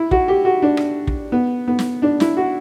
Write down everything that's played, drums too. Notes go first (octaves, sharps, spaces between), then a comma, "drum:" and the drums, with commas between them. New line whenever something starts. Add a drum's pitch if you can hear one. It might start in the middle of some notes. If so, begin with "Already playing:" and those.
Already playing: E4
F#4, drum: kick
G4
F#4
D4
drum: rim click
drum: kick
B3
B3
drum: snare
D4
E4, drum: snare
F#4